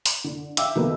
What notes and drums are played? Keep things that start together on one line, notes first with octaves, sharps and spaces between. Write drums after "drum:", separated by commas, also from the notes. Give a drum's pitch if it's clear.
drum: open hi-hat
D3
E5 F5 G5 D6 E6, drum: hi-hat
B2 D#3 A3 A#4 B4